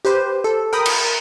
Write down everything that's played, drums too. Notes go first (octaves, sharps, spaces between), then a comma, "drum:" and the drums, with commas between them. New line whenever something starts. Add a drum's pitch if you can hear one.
G4 B4 C5
A4
A#4 G5 B5 D#6
drum: cymbal